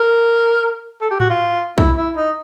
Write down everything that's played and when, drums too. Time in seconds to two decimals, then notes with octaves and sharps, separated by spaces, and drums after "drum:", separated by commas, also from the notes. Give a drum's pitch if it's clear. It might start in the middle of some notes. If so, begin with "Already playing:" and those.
Already playing: A#4
1.01 A4
1.11 G4
1.20 F#4, drum: tom A2
1.30 F4
1.78 E4, drum: kick
1.97 E4
2.17 D#4